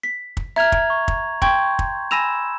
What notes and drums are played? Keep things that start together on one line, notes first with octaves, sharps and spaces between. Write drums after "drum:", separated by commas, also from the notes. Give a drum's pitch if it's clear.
B6
drum: kick
E5 A#5 F6 G#6 F7
drum: kick
C#6
drum: kick
G5 C6 C#6 G6 G#6, drum: kick
drum: kick
G#5 B5 E6 A#6 E7 F7